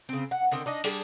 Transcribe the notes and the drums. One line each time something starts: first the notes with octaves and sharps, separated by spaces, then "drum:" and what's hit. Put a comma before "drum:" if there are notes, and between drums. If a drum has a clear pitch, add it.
C#3 C4
F#5
D3 D#3 C4
D4 D#4 D#5
G3 D4 G#4 A4, drum: open hi-hat